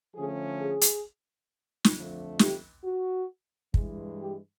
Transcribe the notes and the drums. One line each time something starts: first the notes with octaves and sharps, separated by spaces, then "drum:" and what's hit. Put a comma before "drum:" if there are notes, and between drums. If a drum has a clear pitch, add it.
D3 F3 A3 C#4 G#4
G#4
drum: hi-hat
drum: snare
F2 D3 F3 A3
G4, drum: snare
F#4
G2 E3 G#3, drum: kick
G4